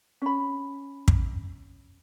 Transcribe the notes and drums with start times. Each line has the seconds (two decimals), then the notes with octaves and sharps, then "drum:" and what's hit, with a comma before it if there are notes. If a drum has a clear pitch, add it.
0.22 C#4 B5
1.08 drum: kick